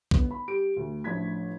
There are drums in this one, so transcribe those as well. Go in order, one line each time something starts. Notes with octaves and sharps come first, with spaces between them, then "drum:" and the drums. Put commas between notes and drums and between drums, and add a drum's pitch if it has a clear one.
G1 B3, drum: kick
B5
G3 G4 D7
D2
A1 F3 D4 E4 G#6 B6